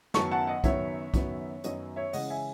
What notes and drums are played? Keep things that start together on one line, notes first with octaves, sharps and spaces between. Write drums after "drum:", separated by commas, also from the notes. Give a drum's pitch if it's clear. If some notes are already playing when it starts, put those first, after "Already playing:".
F#2 D#3 F#3 B3 A5 C#6, drum: snare
F#5 A5
D#5 F#5
F#2 D#3 F#3 B3 C#5 E5, drum: kick, hi-hat
F#2 D#3 F#3 B3, drum: kick, hi-hat
F#2 D#3 F#3 B3 D#5, drum: hi-hat
C#5 E5
C#3 E3 G#3 C#4 D#5 F#5, drum: open hi-hat
E5 G#5